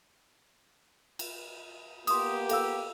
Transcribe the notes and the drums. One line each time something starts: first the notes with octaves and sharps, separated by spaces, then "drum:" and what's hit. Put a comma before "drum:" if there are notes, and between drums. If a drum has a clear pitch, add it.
drum: cymbal
A#3 B3 G4 C6 D#6, drum: cymbal
A4 F5 E6, drum: cymbal